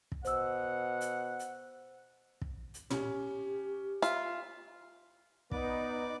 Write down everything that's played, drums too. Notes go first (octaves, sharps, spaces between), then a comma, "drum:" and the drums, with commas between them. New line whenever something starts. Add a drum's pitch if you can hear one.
drum: kick
B2 C5 F#5 E6, drum: hi-hat
drum: hi-hat
drum: hi-hat
drum: kick
drum: hi-hat
C#4 G4, drum: tom
F4 E5, drum: hi-hat
B3 D#4 B4 D5 D6, drum: kick